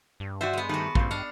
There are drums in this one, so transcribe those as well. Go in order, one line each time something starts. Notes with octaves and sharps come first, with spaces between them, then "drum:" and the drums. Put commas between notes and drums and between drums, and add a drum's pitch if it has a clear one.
G2
F#4 C5 D5 E5 G#5
G#3 B3
D#3 G3 A3 F#4 B4
G2 A#2 C4, drum: kick A1
D4 D#5 F5 F#5